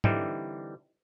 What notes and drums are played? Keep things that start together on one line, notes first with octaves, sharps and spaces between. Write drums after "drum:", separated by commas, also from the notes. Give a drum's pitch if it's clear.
D3 E3 G3 C4 D#4 E4, drum: tom